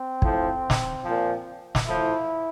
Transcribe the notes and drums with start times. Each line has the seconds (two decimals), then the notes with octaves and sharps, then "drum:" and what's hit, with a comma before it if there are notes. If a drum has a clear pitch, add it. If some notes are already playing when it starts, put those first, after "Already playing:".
Already playing: C4
0.22 A2 F3, drum: kick
0.70 drum: snare
1.04 A#2 F3
1.75 drum: snare
1.85 A2 F3 E4